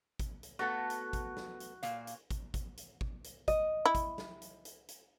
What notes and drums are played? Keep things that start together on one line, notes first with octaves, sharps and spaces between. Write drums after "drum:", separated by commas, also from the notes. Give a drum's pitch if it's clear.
drum: kick G#1, hi-hat
drum: hi-hat
A3 B3 F#4 A4
drum: hi-hat
drum: kick G#1, hi-hat
drum: snare
drum: hi-hat
A#2 A#3 F5, drum: hi-hat
drum: hi-hat
drum: kick G#1, hi-hat
drum: kick G#1, hi-hat
drum: hi-hat
drum: kick G#1
drum: hi-hat
D#5, drum: kick G#1, hi-hat
E4
drum: kick G#1, hi-hat
drum: snare
drum: hi-hat
drum: hi-hat
drum: hi-hat